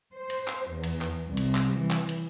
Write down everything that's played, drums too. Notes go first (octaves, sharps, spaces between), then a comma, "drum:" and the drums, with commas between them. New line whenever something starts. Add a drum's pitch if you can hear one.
C5
drum: cymbal
drum: clap
E2
drum: cymbal
drum: clap
C2
drum: cymbal
drum: clap
E3
drum: clap
drum: cymbal